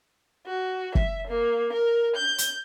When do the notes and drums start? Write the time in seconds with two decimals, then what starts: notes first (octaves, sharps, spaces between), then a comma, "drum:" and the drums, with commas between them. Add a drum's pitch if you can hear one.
0.47 F#4
0.95 E5, drum: kick F#1
1.28 A#3
1.74 A#4
2.18 G6
2.38 drum: hi-hat